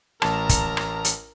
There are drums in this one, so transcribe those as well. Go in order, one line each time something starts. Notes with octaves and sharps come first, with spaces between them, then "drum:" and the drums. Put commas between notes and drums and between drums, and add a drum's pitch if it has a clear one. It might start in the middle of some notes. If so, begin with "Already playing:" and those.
A1 A#4 A5 A#5, drum: rim click
drum: kick, hi-hat
drum: rim click
drum: hi-hat